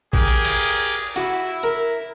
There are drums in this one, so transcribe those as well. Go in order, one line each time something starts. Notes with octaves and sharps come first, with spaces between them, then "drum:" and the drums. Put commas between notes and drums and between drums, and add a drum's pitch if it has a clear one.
G4 G#4 A#4, drum: kick A1
drum: hi-hat
drum: cymbal
E4 F#4
A#4